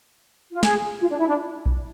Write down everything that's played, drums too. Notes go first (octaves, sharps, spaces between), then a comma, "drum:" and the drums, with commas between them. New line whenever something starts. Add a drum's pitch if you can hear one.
F4
G#4, drum: snare
F4
D4
E4
D4
drum: kick B1